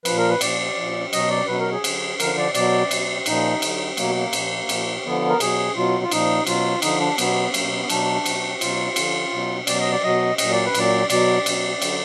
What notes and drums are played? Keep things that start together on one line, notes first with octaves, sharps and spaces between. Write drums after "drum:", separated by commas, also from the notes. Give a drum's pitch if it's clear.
A#2 F3 B4, drum: cymbal
A#4
B4
A#2 F3 D5, drum: cymbal
A#2 F3
B2 F#3 D#5, drum: cymbal
D5
B2 F#3 B4
A#4
G#4
D3 F#3, drum: cymbal
D3 F3 A#4, drum: cymbal
D5
B2 F#3 D5, drum: cymbal
B2 F#3, drum: cymbal
A#2 F3 D#4, drum: cymbal
D3 F#3, drum: cymbal
B2 F#3 A#3, drum: cymbal
A#3
A#2 F3, drum: cymbal
A#2 F3, drum: cymbal
D3 F3 B3
A#4
B2 F#3 G#4, drum: cymbal
B2 F#3 F4
F4
A#2 F3 D#4, drum: cymbal
B2 F#3 F4, drum: cymbal
D3 F3 D#4, drum: cymbal
D4
B2 F#3 B3, drum: cymbal
B2 F#3 A#3, drum: cymbal
B3
B2 F#3 D4, drum: cymbal
B2 F#3, drum: cymbal
B2 F#3 F4, drum: cymbal
D3 F3, drum: cymbal
B2 F#3
B2 F#3 D5, drum: cymbal
D#5
D5
B2 F#3 D#5
A#2 F#3 D#5, drum: cymbal
D5
B4
A#2 F#3 D5, drum: cymbal
B2 F#3 D5, drum: cymbal
B2 F#3, drum: cymbal
D3 F#3, drum: cymbal